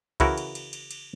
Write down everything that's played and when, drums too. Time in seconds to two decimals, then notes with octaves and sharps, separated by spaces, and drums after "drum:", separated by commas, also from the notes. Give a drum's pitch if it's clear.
0.20 C#3 E3 E4 F#4 A#4, drum: kick C2, cymbal
0.38 drum: cymbal
0.55 drum: cymbal
0.73 drum: cymbal
0.91 drum: cymbal